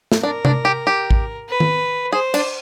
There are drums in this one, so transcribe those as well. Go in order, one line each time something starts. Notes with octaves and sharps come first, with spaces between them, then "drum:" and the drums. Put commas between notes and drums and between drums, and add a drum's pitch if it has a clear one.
drum: snare
D4 A#4
D4, drum: tom C3
G4
G4
drum: kick A1
B4
drum: tom D#3
G#4 C5
D4, drum: cymbal